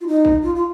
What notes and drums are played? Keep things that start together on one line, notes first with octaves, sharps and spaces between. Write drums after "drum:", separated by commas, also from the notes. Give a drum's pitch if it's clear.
F4
D#4
drum: kick
F4
F4